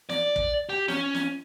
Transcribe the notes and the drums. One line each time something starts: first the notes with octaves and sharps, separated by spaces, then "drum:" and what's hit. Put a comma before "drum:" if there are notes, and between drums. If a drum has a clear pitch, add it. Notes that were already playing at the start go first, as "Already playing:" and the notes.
D5, drum: snare
drum: kick
G4
C#4, drum: snare
drum: snare